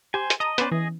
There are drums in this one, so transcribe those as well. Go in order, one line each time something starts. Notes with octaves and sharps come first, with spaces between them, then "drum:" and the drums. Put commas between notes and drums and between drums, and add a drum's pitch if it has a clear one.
G4 C5 G#5
drum: hi-hat
D#5 A5 A#5 D#6
B3 C#4 B4 C5 D5, drum: hi-hat
E3 G#4 D#5